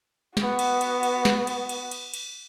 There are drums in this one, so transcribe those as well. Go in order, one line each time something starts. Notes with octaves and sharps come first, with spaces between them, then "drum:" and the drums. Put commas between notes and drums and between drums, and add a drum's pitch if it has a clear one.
B3 F#4, drum: snare
drum: cymbal
drum: cymbal
drum: cymbal
drum: snare
drum: cymbal
drum: cymbal
drum: cymbal
drum: cymbal